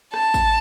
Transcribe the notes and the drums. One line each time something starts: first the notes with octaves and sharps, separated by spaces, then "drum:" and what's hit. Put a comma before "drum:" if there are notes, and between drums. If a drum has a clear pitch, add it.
A5, drum: rim click
drum: kick G#1, tambourine